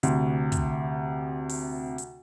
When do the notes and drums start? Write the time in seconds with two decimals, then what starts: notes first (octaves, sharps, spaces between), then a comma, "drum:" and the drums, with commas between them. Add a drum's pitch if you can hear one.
0.03 D2 C3, drum: hi-hat
0.52 drum: kick, hi-hat
1.49 drum: open hi-hat
1.98 drum: hi-hat